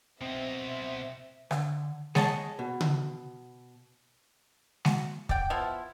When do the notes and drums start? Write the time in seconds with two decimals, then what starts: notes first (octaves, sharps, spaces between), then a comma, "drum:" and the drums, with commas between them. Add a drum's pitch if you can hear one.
0.21 B2 C4 D#4 E5
1.51 D3, drum: rim click
2.15 G#4 C#5 D#5 F#5 A5, drum: snare G#3
2.59 B2
2.81 drum: tom C#3
4.85 F#4, drum: snare G#3
5.29 D5 F#5 G5, drum: kick
5.50 F3 B3 E4 F4